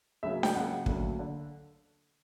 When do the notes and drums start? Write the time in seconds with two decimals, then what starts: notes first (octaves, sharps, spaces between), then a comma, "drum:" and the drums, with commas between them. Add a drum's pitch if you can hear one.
0.23 C#2 C#3 F#3 A#3 E5
0.43 G5, drum: snare D4
0.55 C#2 C#3 F#3 A#3 F#5
0.86 D2 D3 F#3 A#3 C#4, drum: kick
1.19 D3